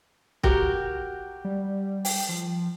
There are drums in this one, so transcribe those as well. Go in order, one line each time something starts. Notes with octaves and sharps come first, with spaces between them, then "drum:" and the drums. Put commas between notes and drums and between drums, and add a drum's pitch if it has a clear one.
F#4 G4 A#4, drum: kick
G3
G5, drum: open hi-hat
F3